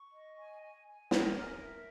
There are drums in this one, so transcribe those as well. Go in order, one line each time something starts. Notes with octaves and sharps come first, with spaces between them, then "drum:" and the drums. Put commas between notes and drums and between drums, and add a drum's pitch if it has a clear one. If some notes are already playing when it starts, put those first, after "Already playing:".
Already playing: C#6
D#5
G#5
G#5
G#5
A#4, drum: snare
A#4
E5